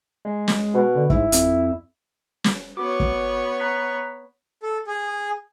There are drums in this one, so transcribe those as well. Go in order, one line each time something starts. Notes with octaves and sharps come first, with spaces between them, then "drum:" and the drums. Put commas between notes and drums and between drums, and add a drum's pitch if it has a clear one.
G#3
drum: snare
B2
D3
G#2 E4, drum: kick
F2, drum: hi-hat
drum: snare
B3 F#4 C#5 D6
drum: kick
A#5 F#6 B6
A4
G#4